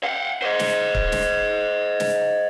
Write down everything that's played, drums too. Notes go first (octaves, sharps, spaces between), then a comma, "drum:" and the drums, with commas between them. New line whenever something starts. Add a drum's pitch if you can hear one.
F5 F#5
C5 D#5
drum: snare
drum: kick
drum: snare
drum: snare